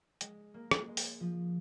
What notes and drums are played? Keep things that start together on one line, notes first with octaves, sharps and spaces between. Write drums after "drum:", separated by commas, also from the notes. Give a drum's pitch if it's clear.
G#3, drum: hi-hat
A#3
drum: rim click
G#3
drum: open hi-hat
F3